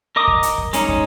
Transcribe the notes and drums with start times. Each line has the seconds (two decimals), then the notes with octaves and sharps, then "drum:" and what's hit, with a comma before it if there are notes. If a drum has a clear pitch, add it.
0.16 A#4 D#5 D6 D#6
0.27 drum: kick
0.43 drum: hi-hat
0.58 drum: kick
0.73 G#3 C#4 D#4, drum: hi-hat
0.88 drum: kick